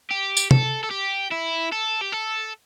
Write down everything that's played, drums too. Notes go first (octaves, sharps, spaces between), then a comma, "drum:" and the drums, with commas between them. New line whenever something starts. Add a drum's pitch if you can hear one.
G4
drum: tambourine
A4, drum: tom
A4
G4
E4
A4
G4
A4